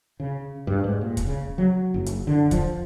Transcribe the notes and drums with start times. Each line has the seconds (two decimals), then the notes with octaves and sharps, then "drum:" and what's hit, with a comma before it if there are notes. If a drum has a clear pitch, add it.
0.20 C#3
0.67 G2
0.84 G#2
1.01 A#2
1.17 drum: kick, hi-hat
1.26 C#3
1.58 F#3
1.94 F#1
2.06 drum: hi-hat
2.27 D3
2.51 F3, drum: kick, hi-hat